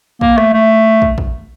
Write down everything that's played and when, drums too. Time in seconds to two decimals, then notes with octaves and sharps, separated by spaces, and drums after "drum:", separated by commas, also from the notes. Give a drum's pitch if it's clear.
0.21 A#3, drum: kick
0.38 A3, drum: rim click
0.54 A3
1.02 drum: kick
1.18 drum: kick